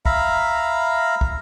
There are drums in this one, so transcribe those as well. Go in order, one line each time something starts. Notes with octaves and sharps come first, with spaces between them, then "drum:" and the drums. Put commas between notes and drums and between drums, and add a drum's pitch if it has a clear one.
E5 F5 A#5 B5, drum: kick
drum: kick